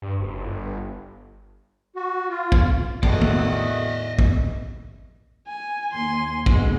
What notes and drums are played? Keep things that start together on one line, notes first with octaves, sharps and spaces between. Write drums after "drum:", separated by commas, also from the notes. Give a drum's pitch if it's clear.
G2
F#1
G1
F#4
F4
drum: kick
E2 A2 D#3 F#4 D5 D#5, drum: kick
drum: tom
drum: kick
G#5
D#2 G#5 C6
B2 D3 G#3 F#5, drum: kick